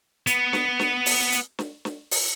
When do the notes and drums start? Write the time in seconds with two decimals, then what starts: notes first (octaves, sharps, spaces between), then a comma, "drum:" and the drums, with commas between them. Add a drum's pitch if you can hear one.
0.27 B3, drum: hi-hat
0.53 drum: snare
0.79 drum: snare
1.06 drum: open hi-hat
1.32 drum: hi-hat
1.59 drum: snare
1.85 drum: snare
2.11 drum: open hi-hat